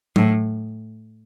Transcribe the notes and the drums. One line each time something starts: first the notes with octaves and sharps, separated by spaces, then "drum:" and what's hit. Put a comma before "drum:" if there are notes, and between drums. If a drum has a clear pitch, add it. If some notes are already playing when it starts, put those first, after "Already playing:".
A2, drum: tom F#3